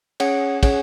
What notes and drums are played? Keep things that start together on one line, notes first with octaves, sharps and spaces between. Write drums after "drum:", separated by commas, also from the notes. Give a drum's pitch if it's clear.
C#4 G#4 C#5 F#5, drum: cymbal
C#4 G#4 C#5 F#5, drum: kick, cymbal